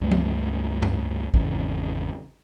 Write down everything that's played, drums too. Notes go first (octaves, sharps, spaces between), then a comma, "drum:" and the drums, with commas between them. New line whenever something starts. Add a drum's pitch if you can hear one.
C#2 G2 A3
drum: tom F3
drum: tom F#2
G#1 E2 C#3, drum: kick